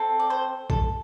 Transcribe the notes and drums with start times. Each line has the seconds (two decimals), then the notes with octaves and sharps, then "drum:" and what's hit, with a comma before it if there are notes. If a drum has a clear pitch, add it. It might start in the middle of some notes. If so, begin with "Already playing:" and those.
Already playing: C4 A4
0.20 D5
0.30 C5
0.70 A4, drum: kick A#1